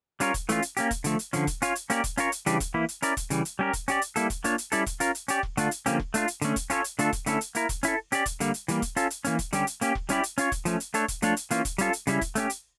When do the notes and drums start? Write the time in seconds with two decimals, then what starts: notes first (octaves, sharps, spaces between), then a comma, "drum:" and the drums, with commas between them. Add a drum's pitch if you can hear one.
0.20 G3 C#4 F4 A#4 C#5, drum: hi-hat
0.34 drum: kick E1, hi-hat
0.49 E3 A3 C#4 F4, drum: hi-hat
0.62 drum: hi-hat
0.77 A#3 C#4 G4, drum: hi-hat
0.91 drum: kick E1, hi-hat
1.04 D3 F3 A3, drum: hi-hat
1.19 drum: hi-hat
1.33 D3 F3 C#4, drum: hi-hat
1.47 drum: kick E1, hi-hat
1.62 C#4 F4 C#5, drum: hi-hat
1.75 drum: hi-hat
1.90 A#3 C#4 G4 A#4 D5, drum: hi-hat
2.04 drum: kick E1, hi-hat
2.18 C#4 F4 A#4 C#5, drum: hi-hat
2.32 drum: hi-hat
2.46 C#3 E3 G3 D4 G4, drum: hi-hat
2.60 drum: kick E1, hi-hat
2.74 E3 A#3 E4
2.89 drum: hi-hat
3.02 C#4 E4 A#4 D5, drum: hi-hat
3.17 drum: kick E1, hi-hat
3.30 C#3 E3 G3, drum: hi-hat
3.45 drum: hi-hat
3.59 G3 C#4 G4 A#4
3.73 drum: kick E1, hi-hat
3.88 C#4 G4 D5, drum: hi-hat
4.02 drum: hi-hat
4.16 G3 A#3 E4 A4, drum: hi-hat
4.30 drum: kick E1, hi-hat
4.44 A#3 D4 F4 C#5, drum: hi-hat
4.58 drum: hi-hat
4.72 G3 C#4 E4 A4 D5, drum: hi-hat
4.86 drum: kick E1, hi-hat
5.00 C#4 F4 A#4, drum: hi-hat
5.15 drum: hi-hat
5.28 C#4 G4 D5, drum: hi-hat
5.43 drum: kick E1
5.57 D3 A3 D4 F4, drum: hi-hat
5.71 drum: hi-hat
5.86 D3 F3 A#3 C#4 G4, drum: hi-hat
6.00 drum: kick E1
6.14 A3 D4 F4, drum: hi-hat
6.28 drum: hi-hat
6.42 D3 A3 C#4, drum: hi-hat
6.56 drum: kick E1, hi-hat
6.70 C#4 F4 A4 C#5, drum: hi-hat
6.84 drum: hi-hat
6.99 D3 A3 D4 F4 A4, drum: hi-hat
7.13 drum: kick E1, hi-hat
7.26 D3 A3 C#4 E4 A4, drum: hi-hat
7.41 drum: hi-hat
7.55 A#3 E4 A#4, drum: hi-hat
7.69 drum: kick E1, hi-hat
7.83 C#4 E4 A4, drum: hi-hat
8.12 C#4 G4 D5, drum: hi-hat
8.26 drum: kick E1, hi-hat
8.40 D3 G3 A#3, drum: hi-hat
8.54 drum: hi-hat
8.68 E3 G3 A#3, drum: hi-hat
8.82 drum: kick E1, hi-hat
8.96 C#4 F4 A4, drum: hi-hat
9.10 drum: hi-hat
9.25 E3 A#3 C#4, drum: hi-hat
9.39 drum: kick E1, hi-hat
9.53 D3 G3 C#4 G4, drum: hi-hat
9.67 drum: hi-hat
9.81 A#3 C#4 G4, drum: hi-hat
9.95 drum: kick E1
10.09 G3 C#4 E4 G4 D5, drum: hi-hat
10.24 drum: hi-hat
10.38 C#4 F4 C#5, drum: hi-hat
10.52 drum: kick E1, hi-hat
10.65 F3 A3 C#4, drum: hi-hat
10.80 drum: hi-hat
10.94 A3 D4 A4 C#5, drum: hi-hat
11.08 drum: kick E1, hi-hat
11.22 F3 A3 D4 F4 C#5, drum: hi-hat
11.37 drum: hi-hat
11.51 E3 A#3 C#4 F4, drum: hi-hat
11.65 drum: kick E1, hi-hat
11.78 G3 C#4 F4 A4, drum: hi-hat
11.93 drum: hi-hat
12.07 C#3 G3 C#4 E4, drum: hi-hat
12.21 drum: kick E1, hi-hat
12.35 A3 C#4 G4, drum: hi-hat
12.50 drum: hi-hat